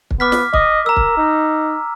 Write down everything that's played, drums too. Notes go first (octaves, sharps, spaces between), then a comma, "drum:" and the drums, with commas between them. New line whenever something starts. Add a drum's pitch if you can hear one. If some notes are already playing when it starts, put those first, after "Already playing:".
drum: kick
B3 D6 F6 B6
drum: snare
D#5 D6, drum: kick
A#4 A#5 E6
drum: kick
D#4